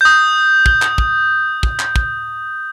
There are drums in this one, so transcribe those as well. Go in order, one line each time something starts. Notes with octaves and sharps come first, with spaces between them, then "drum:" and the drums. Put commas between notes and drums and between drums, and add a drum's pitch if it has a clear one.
D#6 G6
drum: kick
drum: clap
drum: kick
drum: kick
drum: clap
drum: kick